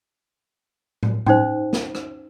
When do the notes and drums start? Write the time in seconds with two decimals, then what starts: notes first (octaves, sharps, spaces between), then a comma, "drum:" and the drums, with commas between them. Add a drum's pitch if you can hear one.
1.03 drum: tom A2
1.26 C#4 D#4 C5, drum: tom A2
1.73 drum: snare
1.95 drum: rim click